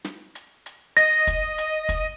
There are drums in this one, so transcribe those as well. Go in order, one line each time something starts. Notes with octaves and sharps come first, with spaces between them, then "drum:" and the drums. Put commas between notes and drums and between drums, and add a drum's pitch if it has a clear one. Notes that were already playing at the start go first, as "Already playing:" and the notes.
drum: snare
drum: hi-hat
drum: hi-hat
D#5 A#6, drum: hi-hat
drum: kick, hi-hat
drum: hi-hat
drum: kick, hi-hat